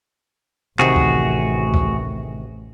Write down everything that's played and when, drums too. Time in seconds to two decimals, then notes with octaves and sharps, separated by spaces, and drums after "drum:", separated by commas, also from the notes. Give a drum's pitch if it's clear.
0.79 A1 C3 D#3 F#4 G#4, drum: clap
0.96 drum: kick C#2
1.74 drum: kick C#2